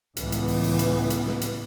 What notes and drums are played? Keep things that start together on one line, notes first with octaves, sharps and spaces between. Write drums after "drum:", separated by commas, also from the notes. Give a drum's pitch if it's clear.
C#2 A2 E3 B3, drum: hi-hat
drum: hi-hat
drum: open hi-hat
drum: open hi-hat
drum: hi-hat
drum: hi-hat
drum: snare
drum: hi-hat